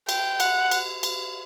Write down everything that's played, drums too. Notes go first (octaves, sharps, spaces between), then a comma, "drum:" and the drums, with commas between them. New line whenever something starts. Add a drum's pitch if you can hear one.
G5, drum: cymbal
F#5, drum: cymbal
drum: cymbal
drum: cymbal